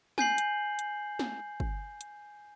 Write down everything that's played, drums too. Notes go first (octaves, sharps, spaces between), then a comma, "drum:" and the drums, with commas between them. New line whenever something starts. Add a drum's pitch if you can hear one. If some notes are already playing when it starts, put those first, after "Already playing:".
G#5 G6 C7 F#7, drum: snare
drum: hi-hat
drum: hi-hat
drum: snare
drum: kick G1
drum: hi-hat